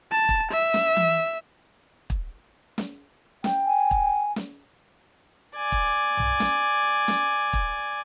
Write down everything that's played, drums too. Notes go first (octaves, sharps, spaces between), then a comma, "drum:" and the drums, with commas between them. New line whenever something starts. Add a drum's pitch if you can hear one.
A5
drum: kick
E5
drum: snare
drum: tom E3
drum: kick
drum: snare
G5, drum: snare
G#5
drum: kick
drum: snare
D5 G#5
drum: kick
drum: tom B1
drum: snare
drum: snare
drum: kick